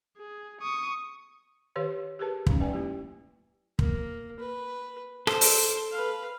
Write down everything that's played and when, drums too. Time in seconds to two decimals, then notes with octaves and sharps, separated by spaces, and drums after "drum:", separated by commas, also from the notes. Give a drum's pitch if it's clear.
0.17 G#4
0.61 C#6 D#6
1.76 D#3 G4 B4 C#5 F5
2.19 G4 G#4 A#4 B4 A5
2.46 G3 A3 C#4 D#4 A#5, drum: kick
2.60 F#3 G#3 B4 D5 G5 G#5
2.73 A#3 E4 G4
3.79 A#3, drum: kick
4.39 B4
5.27 A4 C5, drum: rim click
5.41 drum: open hi-hat
5.92 B4 F5